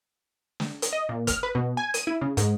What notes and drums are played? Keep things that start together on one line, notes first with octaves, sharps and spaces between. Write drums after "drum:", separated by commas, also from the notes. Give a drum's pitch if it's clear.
drum: snare
drum: hi-hat
D#5
A#2
F6, drum: kick, hi-hat
B4
B2
G#5
D#7, drum: hi-hat
E4
C#3
G#2, drum: hi-hat